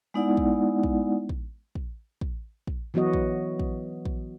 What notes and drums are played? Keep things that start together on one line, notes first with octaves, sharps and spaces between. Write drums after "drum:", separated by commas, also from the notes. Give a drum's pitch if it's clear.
G#3 B3 D#4 E4 D5 F#5
drum: kick
drum: kick
drum: kick
drum: kick
drum: kick
drum: kick
E3 F#3 B3 F#4 D#5
drum: kick
drum: kick
drum: kick